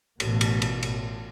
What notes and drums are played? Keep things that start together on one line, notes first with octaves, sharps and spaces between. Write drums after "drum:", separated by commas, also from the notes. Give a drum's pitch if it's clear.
A1 B2, drum: cymbal
drum: cymbal
drum: cymbal
drum: cymbal